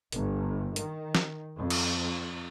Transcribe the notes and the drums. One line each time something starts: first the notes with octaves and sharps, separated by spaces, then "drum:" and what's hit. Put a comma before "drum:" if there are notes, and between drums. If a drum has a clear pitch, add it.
G1, drum: hi-hat
D#3, drum: hi-hat
drum: snare
F2
drum: cymbal